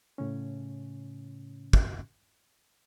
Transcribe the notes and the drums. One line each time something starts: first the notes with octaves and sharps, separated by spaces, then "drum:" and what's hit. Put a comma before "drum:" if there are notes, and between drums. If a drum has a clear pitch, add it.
A2 C#3 C#4
drum: kick